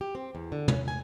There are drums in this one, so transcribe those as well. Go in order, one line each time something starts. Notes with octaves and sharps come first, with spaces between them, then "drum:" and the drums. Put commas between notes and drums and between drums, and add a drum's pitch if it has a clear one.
G4
C4
E2
D3
C#4, drum: tom
G#5